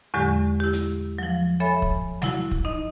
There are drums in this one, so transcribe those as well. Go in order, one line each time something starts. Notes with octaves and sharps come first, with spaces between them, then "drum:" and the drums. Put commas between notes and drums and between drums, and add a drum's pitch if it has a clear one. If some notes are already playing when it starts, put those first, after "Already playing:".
E2 A2 D3 F#3 G#3 G4
E4 G4
drum: hi-hat
F3 F#3
A4 C#5 E5 G#5 B5
drum: kick
F#3 E4 F#4, drum: snare G3
drum: kick
D#4 D#5